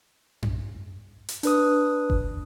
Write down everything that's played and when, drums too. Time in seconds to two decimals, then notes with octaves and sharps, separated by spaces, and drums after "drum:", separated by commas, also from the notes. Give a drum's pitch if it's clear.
0.43 drum: tom F#2
1.29 drum: hi-hat
1.43 D4 B4 D#6, drum: hi-hat
2.10 drum: kick F#1